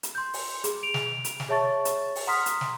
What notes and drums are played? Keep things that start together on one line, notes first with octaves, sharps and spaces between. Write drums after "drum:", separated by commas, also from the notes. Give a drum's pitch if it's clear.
drum: hi-hat
C6 G6
drum: open hi-hat
G#4, drum: hi-hat
D7 F7
drum: snare
drum: hi-hat
drum: snare
G#4 C#5 E5 A5 C#6 A6
drum: hi-hat
drum: open hi-hat
F#5 A#5 C6 D#6 F6 B6
drum: hi-hat
drum: snare